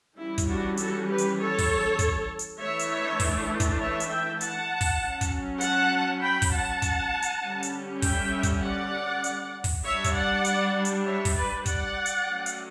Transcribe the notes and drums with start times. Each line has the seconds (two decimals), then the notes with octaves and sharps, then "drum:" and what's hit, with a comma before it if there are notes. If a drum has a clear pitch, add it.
0.17 E3 G3 C#4 E4
0.38 drum: kick, hi-hat
0.48 D4 F#4
0.77 F#4 A4, drum: hi-hat
1.09 G4 B4
1.18 drum: hi-hat
1.38 A4 C#5
1.58 drum: kick, open hi-hat
1.99 drum: kick, hi-hat
2.39 drum: hi-hat
2.59 E3 A3 D4 C#5 E5
2.79 drum: hi-hat
3.20 drum: kick, open hi-hat
3.60 drum: kick, hi-hat
3.79 C#5 E5
4.00 drum: hi-hat
4.10 E5 G5
4.41 F#5 A5, drum: hi-hat
4.81 drum: kick, open hi-hat
5.01 F#3 C#4
5.21 drum: kick, hi-hat
5.61 F#5 A5, drum: hi-hat
6.21 G5 B5
6.42 drum: kick, open hi-hat
6.52 F#5 A5
6.82 drum: kick, hi-hat
7.22 drum: hi-hat
7.42 D3 G3 C#4
7.63 drum: hi-hat
8.02 E5 G5, drum: kick, open hi-hat
8.43 drum: kick, hi-hat
8.63 D5 F#5
9.24 drum: hi-hat
9.64 drum: kick, open hi-hat
9.84 G3 D4 C#5 E5
10.04 drum: kick, hi-hat
10.14 D5 F#5
10.45 drum: hi-hat
10.85 drum: hi-hat
11.05 C#5 E5
11.25 drum: kick, open hi-hat
11.35 B4 D5
11.66 D5 F#5, drum: kick, hi-hat
12.06 drum: hi-hat
12.26 F#3 A3 C#4
12.46 drum: hi-hat